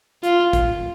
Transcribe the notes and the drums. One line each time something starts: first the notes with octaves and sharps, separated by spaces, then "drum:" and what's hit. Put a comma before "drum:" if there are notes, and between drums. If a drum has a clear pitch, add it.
F4, drum: hi-hat
drum: kick, hi-hat